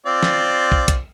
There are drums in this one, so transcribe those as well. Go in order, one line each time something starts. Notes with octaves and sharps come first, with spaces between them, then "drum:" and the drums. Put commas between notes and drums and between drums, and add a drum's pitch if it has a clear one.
C4 F4 D5
drum: snare
drum: kick
drum: kick, hi-hat